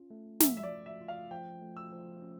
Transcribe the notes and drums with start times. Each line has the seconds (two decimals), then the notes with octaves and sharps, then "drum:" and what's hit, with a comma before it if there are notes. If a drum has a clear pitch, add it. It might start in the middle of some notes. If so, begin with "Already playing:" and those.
Already playing: C#4 F4
0.10 A3
0.40 F3 E5, drum: snare
0.57 E5
0.63 D5
0.70 F4
0.86 E5
1.01 F4
1.08 F5
1.31 F3 G5
1.61 A3
1.77 E6
1.92 F3
2.22 C#4